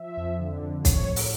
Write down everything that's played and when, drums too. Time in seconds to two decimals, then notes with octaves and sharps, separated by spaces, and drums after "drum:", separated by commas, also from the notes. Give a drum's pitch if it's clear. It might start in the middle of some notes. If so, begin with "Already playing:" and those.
Already playing: F3 E5
0.17 F2
0.39 D3
0.62 F2
0.85 A2 C#5, drum: kick, hi-hat
1.09 A2
1.16 F#5, drum: open hi-hat